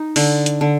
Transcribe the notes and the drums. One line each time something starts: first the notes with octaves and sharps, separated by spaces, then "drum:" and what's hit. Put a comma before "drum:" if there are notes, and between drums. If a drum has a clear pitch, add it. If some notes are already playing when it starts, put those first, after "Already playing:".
Already playing: D#4
D3, drum: open hi-hat
drum: hi-hat
D3